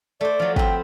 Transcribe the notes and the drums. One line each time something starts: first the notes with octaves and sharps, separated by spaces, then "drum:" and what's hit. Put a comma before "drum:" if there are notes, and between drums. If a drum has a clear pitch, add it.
A3 C5 D5
F3 F#3
C4 B4 G5, drum: kick